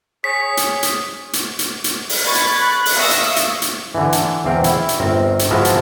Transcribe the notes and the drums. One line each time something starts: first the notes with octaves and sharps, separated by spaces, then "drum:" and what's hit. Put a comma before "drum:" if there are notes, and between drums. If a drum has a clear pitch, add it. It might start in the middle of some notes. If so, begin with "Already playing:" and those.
G#4 C#5 B6
drum: hi-hat
drum: hi-hat
drum: hi-hat
drum: hi-hat
drum: hi-hat
drum: open hi-hat
B5 C#6 G#6 A6
drum: hi-hat
F#6
drum: open hi-hat
E5 F5 C#6 D#6 E6 A#6
drum: hi-hat
drum: hi-hat
drum: hi-hat
D3 E3
drum: hi-hat
E2 C4 F5 G5
E4, drum: hi-hat
drum: hi-hat
G1 C4 A#4
drum: hi-hat
F3 G#3 E4 F#4 A#4 B4
drum: hi-hat